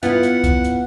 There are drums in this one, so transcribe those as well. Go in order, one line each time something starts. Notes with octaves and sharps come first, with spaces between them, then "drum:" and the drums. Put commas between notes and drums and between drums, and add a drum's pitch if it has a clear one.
B3 E4 F4 F#5, drum: hi-hat
drum: hi-hat
drum: kick C2, hi-hat
drum: hi-hat